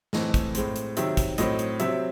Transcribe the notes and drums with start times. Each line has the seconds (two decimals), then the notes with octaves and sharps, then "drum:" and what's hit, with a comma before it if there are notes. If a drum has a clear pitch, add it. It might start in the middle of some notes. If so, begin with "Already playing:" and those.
0.13 A2 E3 A3 C4 D#5, drum: snare
0.34 drum: kick, hi-hat
0.55 A2 G#3 C4, drum: hi-hat
0.76 drum: hi-hat
0.97 C3 D#3 F#3 C4 E5, drum: hi-hat
1.17 drum: kick, hi-hat
1.38 A2 F#3 C4 D#5, drum: hi-hat
1.59 drum: hi-hat
1.80 C3 F#3 C4 E5, drum: hi-hat